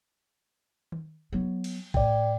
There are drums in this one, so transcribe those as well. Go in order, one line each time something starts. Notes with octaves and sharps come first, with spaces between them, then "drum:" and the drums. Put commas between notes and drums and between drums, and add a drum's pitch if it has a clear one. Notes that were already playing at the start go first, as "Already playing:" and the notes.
drum: tom D#3
F#3 B3
drum: cymbal
A2 D5 G5, drum: kick G#1